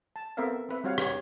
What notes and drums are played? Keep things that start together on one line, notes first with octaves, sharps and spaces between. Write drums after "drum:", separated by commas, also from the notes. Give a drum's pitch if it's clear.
A5
B3 C4 A4 A#4 E5 F5
C4 B4 E5
G3 C4 F#4 C#5 F5 F#5
G4 B4 C#5, drum: rim click